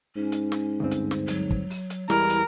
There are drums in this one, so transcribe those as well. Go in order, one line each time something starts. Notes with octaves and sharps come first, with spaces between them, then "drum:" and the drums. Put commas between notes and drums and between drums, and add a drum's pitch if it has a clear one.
G#2 C#4
drum: hi-hat
drum: snare
D2 G2 C4
drum: hi-hat
drum: snare
F#3, drum: hi-hat
drum: kick
drum: open hi-hat
drum: hi-hat
E2 E3 G3 G#3 E4 A#4, drum: snare
drum: hi-hat